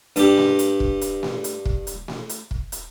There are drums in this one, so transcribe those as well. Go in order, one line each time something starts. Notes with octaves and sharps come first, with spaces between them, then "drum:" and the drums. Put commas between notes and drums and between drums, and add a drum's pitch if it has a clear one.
G2 G4, drum: hi-hat
drum: snare A3
drum: hi-hat
drum: kick
drum: hi-hat
drum: snare A3
drum: hi-hat
drum: kick
drum: hi-hat
drum: snare A3
drum: hi-hat
drum: kick
drum: hi-hat